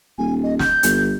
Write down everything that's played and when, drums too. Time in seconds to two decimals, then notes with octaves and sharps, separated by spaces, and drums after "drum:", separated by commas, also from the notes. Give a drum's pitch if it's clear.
0.18 D#1 G#5
0.43 D#5
0.59 G6, drum: snare
0.83 G1, drum: hi-hat